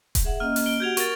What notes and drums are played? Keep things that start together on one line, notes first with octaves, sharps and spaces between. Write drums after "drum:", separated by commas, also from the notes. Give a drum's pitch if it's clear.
drum: kick D#1, hi-hat
G#4 E5 F#5
A#3 C#4 D#5 F6
drum: open hi-hat
D7 G7
F#4 G4 F#5 G6 G#6 F7
A#4 C#6 A6, drum: hi-hat